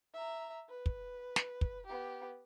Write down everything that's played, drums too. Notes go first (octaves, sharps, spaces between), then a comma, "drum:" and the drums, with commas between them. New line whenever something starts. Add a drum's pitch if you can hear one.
E5 A#5
B4
drum: kick
drum: snare
drum: kick
B3 G4